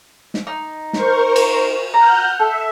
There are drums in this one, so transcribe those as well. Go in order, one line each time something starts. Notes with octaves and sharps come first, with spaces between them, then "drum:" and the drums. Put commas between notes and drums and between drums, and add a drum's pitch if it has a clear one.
drum: snare
D#4
A#4 C5 C#6, drum: snare
drum: cymbal
F#5 A#5 F6 G6
A4 E5